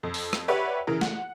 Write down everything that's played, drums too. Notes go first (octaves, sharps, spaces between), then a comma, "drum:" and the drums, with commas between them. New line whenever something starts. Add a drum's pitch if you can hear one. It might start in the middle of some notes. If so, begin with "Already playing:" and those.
F2
drum: open hi-hat
drum: rim click
G4 B4 C#5 D5 E5 F#5
C#3 E3 A#4
F#5, drum: snare